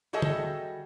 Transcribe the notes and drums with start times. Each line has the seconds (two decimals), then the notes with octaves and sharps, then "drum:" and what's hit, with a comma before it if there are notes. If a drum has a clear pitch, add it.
0.13 G3 F#4 G#4 A4 D#5 E5
0.22 drum: tom